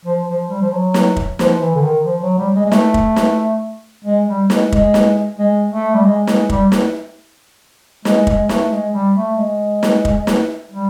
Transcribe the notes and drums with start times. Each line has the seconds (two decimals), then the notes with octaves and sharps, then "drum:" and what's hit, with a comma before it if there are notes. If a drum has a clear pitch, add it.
0.05 F3
0.28 F3
0.50 G3
0.62 F3
0.72 F#3
0.94 drum: snare
1.16 drum: kick
1.39 F3, drum: snare
1.61 E3
1.75 D3
1.83 D#3
2.05 F3
2.23 F#3
2.38 G3
2.56 G#3
2.66 G#3
2.72 A3, drum: snare
2.94 drum: kick
3.16 drum: snare
4.05 G#3
4.28 G3
4.50 G#3, drum: snare
4.72 G#3, drum: kick
4.94 drum: snare
5.39 G#3
5.71 A3
5.94 G3
6.05 G#3
6.27 G#3, drum: snare
6.49 G3, drum: kick
6.72 drum: snare
8.05 G#3, drum: snare
8.27 G#3, drum: kick
8.49 A3, drum: snare
8.71 G#3
8.94 G3
9.16 A3
9.38 G#3
9.83 drum: snare
10.05 drum: kick
10.27 drum: snare
10.72 G3